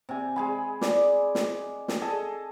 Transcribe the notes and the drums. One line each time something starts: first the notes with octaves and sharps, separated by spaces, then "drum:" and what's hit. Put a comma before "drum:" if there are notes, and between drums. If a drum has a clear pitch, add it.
C3 G#5
G#3 G#4 B5
D5, drum: snare
drum: snare
drum: snare
G#4 A4 D#5 A5